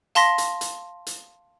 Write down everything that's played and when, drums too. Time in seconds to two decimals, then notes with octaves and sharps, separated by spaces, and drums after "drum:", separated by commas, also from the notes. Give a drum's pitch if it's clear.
0.15 F5 A5 C6 A#6 B6, drum: hi-hat
0.38 drum: hi-hat
0.61 drum: hi-hat
1.07 drum: hi-hat